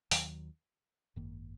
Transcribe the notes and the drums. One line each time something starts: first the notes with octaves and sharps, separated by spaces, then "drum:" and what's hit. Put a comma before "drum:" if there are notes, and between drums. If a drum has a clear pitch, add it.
D#2 D#3 F#3, drum: open hi-hat
G#1 F#2 D#3 A#3